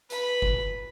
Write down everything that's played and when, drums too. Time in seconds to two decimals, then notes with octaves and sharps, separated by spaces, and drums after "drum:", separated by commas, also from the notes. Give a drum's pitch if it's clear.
0.10 B4 B5, drum: hi-hat
0.42 drum: kick F#1